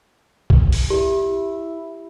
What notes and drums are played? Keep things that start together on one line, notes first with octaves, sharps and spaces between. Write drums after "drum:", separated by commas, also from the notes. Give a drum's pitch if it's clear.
drum: kick
drum: open hi-hat
E4 G4